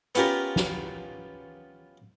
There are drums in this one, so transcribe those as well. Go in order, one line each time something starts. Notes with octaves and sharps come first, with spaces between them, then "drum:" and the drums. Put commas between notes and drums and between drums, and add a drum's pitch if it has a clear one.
B3 C#4 F4 G4 A#4, drum: hi-hat
drum: snare